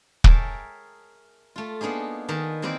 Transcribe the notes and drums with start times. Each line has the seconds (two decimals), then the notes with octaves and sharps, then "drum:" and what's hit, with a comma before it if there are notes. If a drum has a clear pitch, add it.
0.24 G#4 A#4 C#5 E5 G5 A5, drum: kick
1.56 A3 F4
1.81 A#3 B3 D4 D#4 G#4
2.29 D#3 G#4 B4 A5 A#5
2.62 E3 A#3 C4 A#4 B4 D5